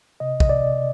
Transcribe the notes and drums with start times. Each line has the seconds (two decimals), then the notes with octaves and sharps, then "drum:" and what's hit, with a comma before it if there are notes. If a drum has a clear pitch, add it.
0.20 C3 D#5
0.40 D#5, drum: kick A#1
0.49 C3 D5